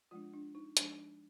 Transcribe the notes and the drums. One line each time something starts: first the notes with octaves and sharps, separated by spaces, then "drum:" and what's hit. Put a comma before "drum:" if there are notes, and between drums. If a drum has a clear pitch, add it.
F3 G#3 D4 F4
D4
D#4
F3 G#3 D4, drum: hi-hat